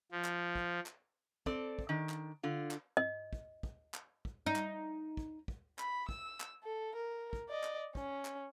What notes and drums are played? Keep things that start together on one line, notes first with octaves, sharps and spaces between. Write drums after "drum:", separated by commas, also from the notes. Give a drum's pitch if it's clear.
F3
drum: clap
drum: kick
drum: clap
C4 A4 D5, drum: kick
drum: kick
D#3 D4
drum: clap
D3 F4
drum: clap
D#5
drum: kick
drum: kick
drum: clap
drum: kick
D#4
drum: clap
drum: kick
drum: kick
B5, drum: clap
E6, drum: kick
drum: clap
A4
A#4
drum: kick
D5 D#5
drum: clap
C#4, drum: kick
drum: clap